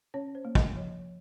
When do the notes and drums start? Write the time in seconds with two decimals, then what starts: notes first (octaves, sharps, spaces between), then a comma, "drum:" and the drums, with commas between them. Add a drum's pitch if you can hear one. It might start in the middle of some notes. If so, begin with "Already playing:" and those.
0.14 C#4 C#5
0.35 C5
0.45 A#3
0.55 D#5, drum: kick
0.76 F3 C#5